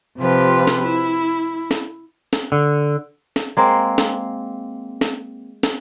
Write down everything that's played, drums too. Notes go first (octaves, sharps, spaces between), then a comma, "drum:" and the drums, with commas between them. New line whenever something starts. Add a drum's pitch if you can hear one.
C3 F3 F4 G4 B4
drum: snare
E4
drum: snare
drum: snare
D3
drum: snare
G#3 A#3 C4
drum: snare
drum: snare
drum: snare